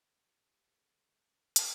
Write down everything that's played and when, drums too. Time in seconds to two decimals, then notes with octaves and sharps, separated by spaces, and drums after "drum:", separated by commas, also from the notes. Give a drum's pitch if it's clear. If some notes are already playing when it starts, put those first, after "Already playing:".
0.19 F2 C#3 F3 G4
0.64 C#3 F3 A#3 C#4 F4 A4
1.10 A2 E3 A#3 C#4 E4
1.56 C#3 F3 C#4 F4 A4 A#4, drum: hi-hat